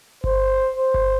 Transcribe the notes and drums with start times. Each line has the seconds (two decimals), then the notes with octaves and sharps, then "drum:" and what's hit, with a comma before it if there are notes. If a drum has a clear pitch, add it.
0.24 C5, drum: kick G1
0.76 C5
0.94 drum: kick G1